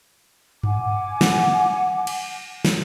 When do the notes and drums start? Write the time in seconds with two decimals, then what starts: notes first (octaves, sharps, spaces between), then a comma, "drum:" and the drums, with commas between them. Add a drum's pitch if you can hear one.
0.63 F#5 G#5 D6, drum: tom G2
1.21 drum: snare
2.07 drum: cymbal
2.65 drum: snare